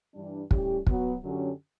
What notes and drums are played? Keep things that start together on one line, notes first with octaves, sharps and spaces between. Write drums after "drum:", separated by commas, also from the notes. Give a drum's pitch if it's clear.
G2 E3 G3 D4
A2 G3 C#4 G4, drum: kick
F#3 B3 F#4, drum: kick
F#2 D3 F#3 C#4 G4